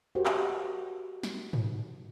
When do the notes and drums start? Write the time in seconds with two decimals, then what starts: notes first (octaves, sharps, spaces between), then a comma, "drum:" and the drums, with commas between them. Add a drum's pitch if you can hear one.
0.15 F#4 G4 A#4 C5
0.26 drum: clap
1.23 drum: snare
1.53 drum: tom G#2